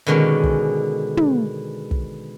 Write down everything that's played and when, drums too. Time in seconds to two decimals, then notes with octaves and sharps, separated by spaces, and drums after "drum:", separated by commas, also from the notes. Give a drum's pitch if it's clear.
0.07 B2 D3 D#3 G#3 C#4
0.43 drum: kick
1.17 drum: tom
1.91 drum: kick